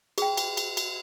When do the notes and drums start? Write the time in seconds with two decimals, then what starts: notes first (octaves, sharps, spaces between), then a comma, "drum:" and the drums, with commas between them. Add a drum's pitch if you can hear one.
0.18 G#4 G5, drum: cymbal
0.37 drum: cymbal
0.57 drum: cymbal
0.77 drum: cymbal